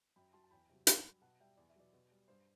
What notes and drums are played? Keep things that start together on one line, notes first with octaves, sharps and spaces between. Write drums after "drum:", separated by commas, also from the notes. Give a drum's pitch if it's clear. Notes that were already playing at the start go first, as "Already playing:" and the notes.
F#2 G5 B5
F#3 A5 C6
A5
E2 G5 B5
C3 F#3
G2, drum: hi-hat
F#3
B2 F#5 A5
G3 E5 G5
E2 D5
E5
B2 F#3 D5
B2
G3
G2 C5